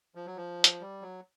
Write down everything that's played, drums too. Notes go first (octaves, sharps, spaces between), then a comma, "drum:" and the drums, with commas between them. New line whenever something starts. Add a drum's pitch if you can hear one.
F3
F#3
F3
drum: hi-hat
G3
F#3